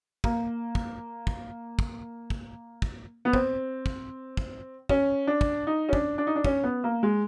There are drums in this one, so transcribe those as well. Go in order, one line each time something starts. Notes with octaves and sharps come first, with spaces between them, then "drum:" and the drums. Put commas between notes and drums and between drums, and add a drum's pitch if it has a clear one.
A#3, drum: kick
drum: kick
drum: kick
drum: kick
drum: kick
drum: kick
B3
C4, drum: kick
drum: kick
drum: kick
C#4, drum: kick
D4
drum: kick
D#4
C#4
D4, drum: kick
D4
D#4
D4
C#4, drum: kick
B3
A#3
G#3